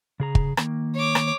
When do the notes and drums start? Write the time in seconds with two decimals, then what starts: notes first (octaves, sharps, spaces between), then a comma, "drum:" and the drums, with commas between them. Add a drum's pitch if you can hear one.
0.20 C#3 G#4 A#5
0.35 drum: kick
0.57 D#3 A#3, drum: rim click
0.95 C#5 D6
1.15 drum: rim click